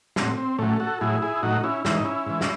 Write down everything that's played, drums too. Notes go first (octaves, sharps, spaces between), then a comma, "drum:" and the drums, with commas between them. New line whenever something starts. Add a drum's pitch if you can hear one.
A2 F#3 C4, drum: snare
C4
A2 F#3 A3 C#4
F#4 A4
A2 F#3 E4 G#4
E4 G#4
A2 F#3 D#4 F#4
C#4 E4
G#2 E3 E4, drum: snare
D#4
C#4 E4
G#2 E3
drum: snare